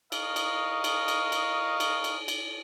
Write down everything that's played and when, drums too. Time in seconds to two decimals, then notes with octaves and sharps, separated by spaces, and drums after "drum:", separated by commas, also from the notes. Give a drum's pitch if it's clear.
0.12 A#4 D#5 F5 C#6 D#6, drum: cymbal
0.36 drum: cymbal
0.84 drum: cymbal
1.08 drum: cymbal
1.32 drum: cymbal
1.80 drum: cymbal
2.04 drum: cymbal
2.28 drum: cymbal